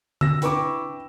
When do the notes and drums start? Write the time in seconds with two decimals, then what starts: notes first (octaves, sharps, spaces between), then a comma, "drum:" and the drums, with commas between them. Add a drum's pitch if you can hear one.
0.21 E6 A#6, drum: tom D3
0.42 D4 E4 B4 G5 C#6 D6, drum: hi-hat